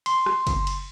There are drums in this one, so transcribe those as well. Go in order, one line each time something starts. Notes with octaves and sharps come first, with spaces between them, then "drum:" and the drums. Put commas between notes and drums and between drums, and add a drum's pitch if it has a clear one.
C6, drum: cymbal
drum: rim click
drum: kick, cymbal
drum: cymbal